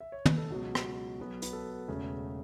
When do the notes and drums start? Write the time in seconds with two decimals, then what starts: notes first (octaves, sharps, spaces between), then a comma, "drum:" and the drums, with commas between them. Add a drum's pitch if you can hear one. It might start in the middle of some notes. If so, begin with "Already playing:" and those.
0.00 E5
0.12 C#5
0.26 B4, drum: tom
0.38 A4
0.50 C#2 B2 F#3 F#4
0.75 drum: rim click
1.19 B1 B2 B3
1.42 B4, drum: hi-hat
1.53 A4
1.88 E1 E2 C#3 A3